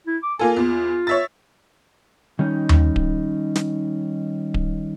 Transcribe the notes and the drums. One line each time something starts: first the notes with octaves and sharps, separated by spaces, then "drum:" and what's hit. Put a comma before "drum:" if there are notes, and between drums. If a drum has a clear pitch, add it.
E4
D6
A#3 F4 A4 G#5
E2 F4
C#5 E5 A6
D#3 G3 C#4 D#4
drum: tom D#2
drum: kick D1
drum: snare
drum: kick D1